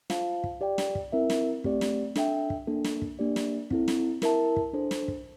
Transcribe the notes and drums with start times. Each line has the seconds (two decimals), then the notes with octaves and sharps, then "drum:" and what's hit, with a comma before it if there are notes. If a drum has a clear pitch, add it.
0.10 F4 C5 F5 A5, drum: snare
0.44 drum: kick
0.61 G4 D5 G5
0.78 drum: snare
0.95 drum: kick
1.12 C4 E4 A#4 E5
1.30 drum: snare
1.64 A3 C4 G4 D5, drum: kick
1.81 drum: snare
2.16 D4 A4 E5 G5, drum: snare
2.50 drum: kick
2.67 A#3 D4 A4
2.84 drum: snare
3.02 drum: kick
3.19 A#3 D4 G4 D5
3.36 drum: snare
3.71 C4 E4 A4, drum: kick
3.88 drum: snare
4.22 E4 A#4 E5 A5, drum: snare
4.56 drum: kick
4.73 D4 A4 C5
4.91 drum: snare
5.08 drum: kick